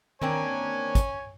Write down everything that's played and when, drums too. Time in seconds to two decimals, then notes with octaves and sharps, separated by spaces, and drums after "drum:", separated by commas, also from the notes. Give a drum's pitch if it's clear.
0.22 A#3 C4 D4 C#5 G#5, drum: tom D#3
0.95 drum: kick, hi-hat